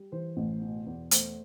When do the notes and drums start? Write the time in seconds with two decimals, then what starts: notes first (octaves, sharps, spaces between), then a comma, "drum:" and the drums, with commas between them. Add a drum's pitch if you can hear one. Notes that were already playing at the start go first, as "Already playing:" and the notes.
Already playing: G3
0.12 E3 C5
0.37 A1
0.62 B2
0.86 E2
1.11 A3 C5, drum: hi-hat